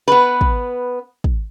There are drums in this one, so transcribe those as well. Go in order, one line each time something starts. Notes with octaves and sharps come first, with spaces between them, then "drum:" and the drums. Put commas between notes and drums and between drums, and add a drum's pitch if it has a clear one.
B3 B4
drum: kick
drum: kick